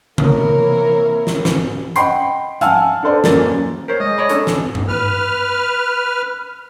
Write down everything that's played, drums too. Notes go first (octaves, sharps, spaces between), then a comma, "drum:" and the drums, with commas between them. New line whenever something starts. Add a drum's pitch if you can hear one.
E3 A#3 C4 E4 A#4 C#5, drum: tom C3
drum: snare
drum: snare
D#5 F#5 G5 B5 C6 C7, drum: hi-hat
F5 F#5 G#5 A5 E6 F6, drum: hi-hat
D4 A4 B4 C5 D5
D#1 F#2 A#3 C#4 A6, drum: snare
A#4 C5 C#5
G#3 D#5
C#5 D5 B5
C#4 D4 A4, drum: hi-hat
drum: snare
drum: tom G2
B4 F6